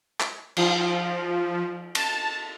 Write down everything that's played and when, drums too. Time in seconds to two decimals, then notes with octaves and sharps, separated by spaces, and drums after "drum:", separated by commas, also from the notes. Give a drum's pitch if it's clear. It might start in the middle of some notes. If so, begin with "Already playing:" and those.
0.20 drum: clap
0.57 F3, drum: cymbal
1.95 A5, drum: cymbal